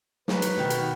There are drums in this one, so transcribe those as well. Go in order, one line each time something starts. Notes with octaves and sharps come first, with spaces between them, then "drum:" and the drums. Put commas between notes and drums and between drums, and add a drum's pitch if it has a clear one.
F#3 G#4 B4, drum: snare
drum: hi-hat
B2 D#3 F#4
drum: hi-hat